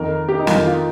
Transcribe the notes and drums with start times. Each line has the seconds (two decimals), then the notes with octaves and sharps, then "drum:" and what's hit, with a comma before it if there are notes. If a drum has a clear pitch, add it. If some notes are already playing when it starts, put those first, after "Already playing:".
Already playing: F2 D#3 A#4
0.28 G4
0.39 D#4
0.47 F2 D#3 F4, drum: snare
0.66 F4